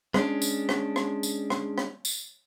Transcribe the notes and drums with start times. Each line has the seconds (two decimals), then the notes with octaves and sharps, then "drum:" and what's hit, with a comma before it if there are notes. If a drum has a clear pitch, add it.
0.14 G#3 C#4 D4, drum: rim click
0.42 drum: tambourine
0.69 drum: rim click
0.96 drum: rim click
1.23 drum: tambourine
1.50 drum: rim click
1.78 drum: rim click
2.05 drum: tambourine